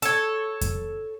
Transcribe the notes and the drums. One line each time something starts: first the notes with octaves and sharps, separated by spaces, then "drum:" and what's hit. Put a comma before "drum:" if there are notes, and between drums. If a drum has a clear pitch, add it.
A4 C#5, drum: hi-hat
drum: kick F2, hi-hat